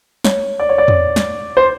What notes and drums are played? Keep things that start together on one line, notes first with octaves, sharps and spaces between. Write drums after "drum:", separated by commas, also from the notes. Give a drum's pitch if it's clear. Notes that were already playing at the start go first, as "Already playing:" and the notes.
C#5, drum: snare
D5
C#5
D5
drum: tom
drum: snare
C5